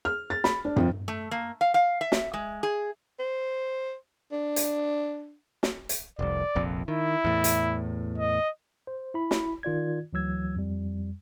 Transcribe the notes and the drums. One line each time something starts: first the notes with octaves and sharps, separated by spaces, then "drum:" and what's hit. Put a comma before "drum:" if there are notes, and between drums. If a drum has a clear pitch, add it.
F6
A6
B5, drum: snare
D4
F2, drum: tom G2
A3
A#3
F5
F5
E5
drum: snare
G#3
G#4
C5
D4
drum: hi-hat
drum: snare
drum: hi-hat
F1 C2 D5
F1 A#1 F2
D#3 E4
E2 A2
drum: hi-hat
D#5
C5
E4 B5
drum: snare
D#3 F4 D5 G#6
D2 E3 F#3 E6 G#6
F2 G3